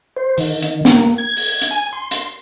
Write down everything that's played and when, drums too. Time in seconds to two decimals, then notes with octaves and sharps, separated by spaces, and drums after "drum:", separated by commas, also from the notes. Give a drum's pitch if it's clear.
0.16 C5
0.38 D#3, drum: open hi-hat
0.63 drum: hi-hat
0.85 A#3, drum: snare
1.18 G#6
1.37 drum: open hi-hat
1.62 drum: hi-hat
1.71 G#5
1.93 C6
2.11 drum: hi-hat